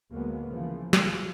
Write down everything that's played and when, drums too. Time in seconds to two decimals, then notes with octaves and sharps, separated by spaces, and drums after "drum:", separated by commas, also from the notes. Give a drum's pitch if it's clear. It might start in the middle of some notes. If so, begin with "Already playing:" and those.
0.10 D2 F#3 G#3 A#3 B3
0.47 C#3 E3 F3 A#3
0.93 F3, drum: snare